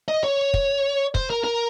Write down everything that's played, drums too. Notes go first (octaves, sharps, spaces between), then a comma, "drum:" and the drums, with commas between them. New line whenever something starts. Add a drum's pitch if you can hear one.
D#5
C#5
drum: kick
C5, drum: kick
A#4
A#4